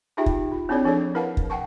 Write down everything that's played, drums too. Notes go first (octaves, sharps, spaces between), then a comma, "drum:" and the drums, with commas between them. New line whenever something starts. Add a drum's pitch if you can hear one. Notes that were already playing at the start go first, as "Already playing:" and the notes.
D#4 F4 G4 G#4 E5 G5
drum: kick
F4
C4 D4 E4 G#4 C#5 D5
F3 D4 G#4 A4 C#5 D5
E4 A#4 B4 F5 F#5 A5
drum: kick
F#5 G5 A5 C#6